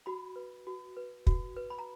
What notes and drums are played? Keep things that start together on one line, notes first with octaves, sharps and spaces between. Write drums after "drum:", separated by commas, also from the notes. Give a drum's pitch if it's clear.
F#4 B5
B4
F#4
B4
F#4, drum: kick
B4
B5
A#5